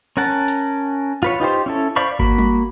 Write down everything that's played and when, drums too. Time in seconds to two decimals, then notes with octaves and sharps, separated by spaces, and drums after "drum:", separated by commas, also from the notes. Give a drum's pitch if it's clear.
0.17 C#4 A#4 F#5 A5
0.48 drum: hi-hat
1.23 F4 B4 C#5
1.40 D#4 F4 G4 C5
1.66 C#4 E4 A4
1.96 C5 D5 F5 B5 C#6
2.19 A#3 F#4 B5, drum: kick G#1
2.38 drum: tom